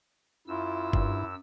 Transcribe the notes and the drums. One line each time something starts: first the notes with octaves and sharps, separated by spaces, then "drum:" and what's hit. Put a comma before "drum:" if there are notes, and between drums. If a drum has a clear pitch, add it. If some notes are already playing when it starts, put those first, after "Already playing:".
F#2 E4 F4 E6
G2, drum: kick F#1